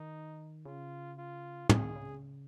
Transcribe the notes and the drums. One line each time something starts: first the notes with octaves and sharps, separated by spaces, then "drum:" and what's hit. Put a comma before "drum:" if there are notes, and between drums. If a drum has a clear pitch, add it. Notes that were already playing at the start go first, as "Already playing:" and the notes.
Already playing: D#3 D#4
C#3 F4
F4
C#3 G#4, drum: tom
D#3
C#3